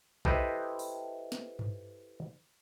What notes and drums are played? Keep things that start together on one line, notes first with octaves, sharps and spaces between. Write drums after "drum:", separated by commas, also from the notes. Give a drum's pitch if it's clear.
E4 G4 A4 B4 C5 D#5, drum: kick A#1
drum: open hi-hat
drum: snare
drum: tom G2